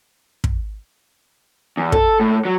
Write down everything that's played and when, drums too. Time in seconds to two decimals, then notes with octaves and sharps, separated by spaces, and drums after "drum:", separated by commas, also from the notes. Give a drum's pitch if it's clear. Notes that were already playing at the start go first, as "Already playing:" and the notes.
0.44 drum: kick
1.77 E2
1.92 A4, drum: kick
2.20 A2
2.45 F#3